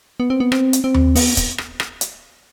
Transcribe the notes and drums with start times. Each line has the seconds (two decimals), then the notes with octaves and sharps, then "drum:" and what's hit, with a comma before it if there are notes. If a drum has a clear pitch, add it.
0.20 B3
0.30 C4
0.40 B3
0.52 C4, drum: rim click
0.73 drum: hi-hat
0.84 C4
0.94 drum: tom D#2
1.15 B3, drum: open hi-hat
1.37 drum: kick, hi-hat
1.58 drum: rim click
1.80 drum: rim click
2.01 drum: hi-hat